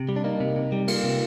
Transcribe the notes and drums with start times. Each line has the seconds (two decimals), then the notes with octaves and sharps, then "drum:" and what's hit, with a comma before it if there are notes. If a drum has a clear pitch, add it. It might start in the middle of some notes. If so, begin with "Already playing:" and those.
Already playing: C3
0.09 G3
0.16 D4
0.24 A#3 D#4
0.40 C3
0.56 C3
0.72 G3
0.88 A#3 F4, drum: cymbal
1.04 C3